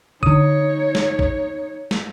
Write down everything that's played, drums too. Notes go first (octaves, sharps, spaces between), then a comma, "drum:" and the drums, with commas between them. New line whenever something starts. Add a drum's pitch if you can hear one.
D3 D#4 C#5 D#6, drum: kick A1
drum: snare
drum: kick A1
drum: snare